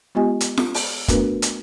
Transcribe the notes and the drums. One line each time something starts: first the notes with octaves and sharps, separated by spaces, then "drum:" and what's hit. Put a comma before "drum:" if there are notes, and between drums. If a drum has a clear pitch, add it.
G#3 B3 F4 G4 D#5 G#5
drum: hi-hat
drum: snare F4
drum: open hi-hat
A3 B3 D4 F#4 A#4 B4, drum: kick, hi-hat
drum: hi-hat